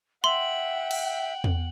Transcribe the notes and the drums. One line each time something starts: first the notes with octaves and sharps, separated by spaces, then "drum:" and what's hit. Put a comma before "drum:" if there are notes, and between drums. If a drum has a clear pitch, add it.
E5 F#5 G5 C6 F#7
drum: cymbal
drum: tom E2